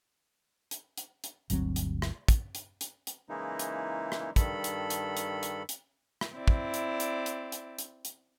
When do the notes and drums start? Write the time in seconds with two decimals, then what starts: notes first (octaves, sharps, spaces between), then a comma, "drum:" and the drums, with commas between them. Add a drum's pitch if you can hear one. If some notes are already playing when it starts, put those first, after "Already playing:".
0.71 drum: hi-hat
0.97 drum: hi-hat
1.24 drum: hi-hat
1.50 G1 D2 F#3 C4, drum: hi-hat
1.76 drum: hi-hat
2.02 drum: rim click
2.28 drum: kick, hi-hat
2.55 drum: hi-hat
2.81 drum: hi-hat
3.07 drum: hi-hat
3.29 C#3 E3 G#3 A#3 D#4 E4
3.59 drum: hi-hat
4.12 drum: rim click
4.36 G2 D#3 A4 B5, drum: kick, hi-hat
4.64 drum: hi-hat
4.90 drum: hi-hat
5.17 drum: hi-hat
5.43 drum: hi-hat
5.69 drum: hi-hat
6.21 drum: rim click
6.36 C4 E4 D5
6.48 drum: kick
6.74 drum: hi-hat
7.00 drum: hi-hat
7.26 drum: hi-hat
7.52 drum: hi-hat
7.79 drum: hi-hat
8.05 drum: hi-hat